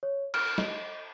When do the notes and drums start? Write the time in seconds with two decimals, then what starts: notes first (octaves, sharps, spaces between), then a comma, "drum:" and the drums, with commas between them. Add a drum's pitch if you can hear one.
0.03 C#5
0.34 F6, drum: cymbal
0.58 D#5, drum: snare